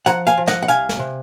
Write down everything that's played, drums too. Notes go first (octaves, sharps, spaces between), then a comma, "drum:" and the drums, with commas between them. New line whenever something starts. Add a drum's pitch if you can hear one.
F3 F#5 A#5, drum: hi-hat
F5 G#5, drum: hi-hat
F3
D#5 F#5, drum: snare
F#5
C2 F5 G#5, drum: hi-hat
drum: snare
C3